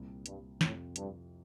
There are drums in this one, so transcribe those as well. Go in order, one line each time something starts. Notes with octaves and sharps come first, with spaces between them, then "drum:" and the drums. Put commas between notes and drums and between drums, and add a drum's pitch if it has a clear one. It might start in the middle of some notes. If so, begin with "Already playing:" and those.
Already playing: C2 A#2 G3 C4
G2, drum: hi-hat
F2 A2 C3 F3, drum: snare
G2, drum: hi-hat